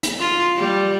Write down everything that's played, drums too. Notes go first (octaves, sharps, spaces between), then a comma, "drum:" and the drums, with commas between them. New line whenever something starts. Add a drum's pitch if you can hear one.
drum: hi-hat
F4
G3